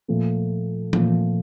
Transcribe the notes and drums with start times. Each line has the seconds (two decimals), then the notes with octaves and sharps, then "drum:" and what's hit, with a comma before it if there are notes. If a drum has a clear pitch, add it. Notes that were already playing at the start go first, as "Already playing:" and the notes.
0.08 A#2 F3 A3
0.93 A#2 F3 A3, drum: tom E3